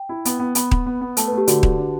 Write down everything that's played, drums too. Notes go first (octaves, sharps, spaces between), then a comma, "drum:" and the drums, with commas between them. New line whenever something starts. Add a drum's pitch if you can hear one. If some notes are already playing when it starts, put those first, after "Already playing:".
Already playing: G5
E4
B3, drum: hi-hat
B3
B3 B5, drum: hi-hat
B3, drum: kick D#1
B3
B3
A3 A5, drum: hi-hat
B4
A3
G4
D3 F#4, drum: hi-hat
D3, drum: kick D#1
D4